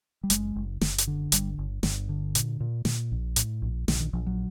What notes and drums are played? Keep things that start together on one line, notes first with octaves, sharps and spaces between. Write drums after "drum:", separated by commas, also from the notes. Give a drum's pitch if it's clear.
G3
F#1 G#3, drum: hi-hat
F#1
F#1, drum: snare
drum: hi-hat
D3
G1 G3, drum: hi-hat
G1
G1, drum: snare
D3
A#2, drum: hi-hat
A#2
A#2, drum: snare
A#1
A2, drum: hi-hat
A#1
A#1, drum: snare
D3
D#3
A#1 F3
F#3